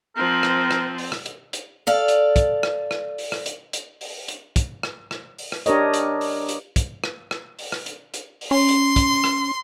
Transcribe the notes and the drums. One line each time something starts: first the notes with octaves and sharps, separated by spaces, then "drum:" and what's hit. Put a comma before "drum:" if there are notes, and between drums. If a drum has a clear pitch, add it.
F3 C4 A#4
drum: rim click
drum: rim click
drum: open hi-hat
drum: rim click
drum: hi-hat
drum: hi-hat
A4 D5 F5
drum: hi-hat
drum: kick, hi-hat
drum: rim click
drum: rim click
drum: open hi-hat
drum: rim click
drum: hi-hat
drum: hi-hat
drum: open hi-hat
drum: hi-hat
drum: kick, hi-hat
drum: rim click
drum: rim click
drum: open hi-hat
drum: rim click
D4 G4 A#4 C#5 D#5, drum: hi-hat
drum: hi-hat
drum: open hi-hat
drum: hi-hat
drum: kick, hi-hat
drum: rim click
drum: rim click
drum: open hi-hat
drum: rim click
drum: hi-hat
drum: hi-hat
drum: open hi-hat
C#4 C6
drum: hi-hat
drum: kick, hi-hat
drum: rim click